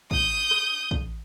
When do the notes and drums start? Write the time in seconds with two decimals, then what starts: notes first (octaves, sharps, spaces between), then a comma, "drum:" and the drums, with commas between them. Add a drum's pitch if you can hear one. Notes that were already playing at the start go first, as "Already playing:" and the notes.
0.11 D#6 G6, drum: kick
0.51 drum: rim click
0.91 drum: kick